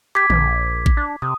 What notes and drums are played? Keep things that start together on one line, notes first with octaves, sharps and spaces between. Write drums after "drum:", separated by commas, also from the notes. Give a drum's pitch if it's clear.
G4 D6 G#6 B6
A#1, drum: tom
drum: kick A1
D4
C3 D#6